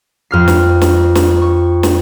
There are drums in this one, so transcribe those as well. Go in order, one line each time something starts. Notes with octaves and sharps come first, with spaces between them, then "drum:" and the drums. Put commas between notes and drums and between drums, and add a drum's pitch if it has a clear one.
F2 F6 C7
drum: snare
drum: snare
drum: snare
C#6
drum: snare